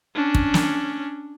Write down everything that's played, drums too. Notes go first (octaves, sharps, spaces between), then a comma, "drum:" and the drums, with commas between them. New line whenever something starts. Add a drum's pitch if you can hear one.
C#4 D4
drum: kick
drum: snare